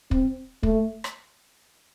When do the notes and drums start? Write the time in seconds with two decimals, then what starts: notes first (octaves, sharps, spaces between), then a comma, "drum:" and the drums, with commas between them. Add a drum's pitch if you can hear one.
0.11 C4, drum: kick
0.63 A3, drum: kick
1.04 drum: rim click